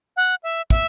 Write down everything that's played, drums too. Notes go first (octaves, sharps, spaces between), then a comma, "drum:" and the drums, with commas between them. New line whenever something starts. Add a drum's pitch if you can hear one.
F#5
E5
E5, drum: kick